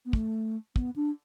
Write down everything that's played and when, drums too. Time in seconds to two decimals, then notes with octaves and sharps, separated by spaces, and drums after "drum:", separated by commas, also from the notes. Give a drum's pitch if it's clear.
0.05 B3
0.13 A3, drum: kick
0.76 B3, drum: kick
0.96 D4